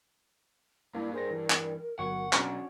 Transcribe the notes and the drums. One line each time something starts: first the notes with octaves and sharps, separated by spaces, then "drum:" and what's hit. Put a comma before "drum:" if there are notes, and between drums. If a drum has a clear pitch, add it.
G2 A#3 D4 E4
G#4 A#4 C5 A#6
E3
drum: clap
G1 F#3 F#5 C#6
B1 C#4 D4 F#4 C#5, drum: clap